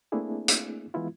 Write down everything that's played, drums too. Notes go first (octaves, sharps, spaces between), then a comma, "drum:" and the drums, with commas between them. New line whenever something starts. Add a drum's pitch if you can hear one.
A3 A#3 C4 D4 E4 G#4
drum: hi-hat
E3 G#3 B3 E4 F4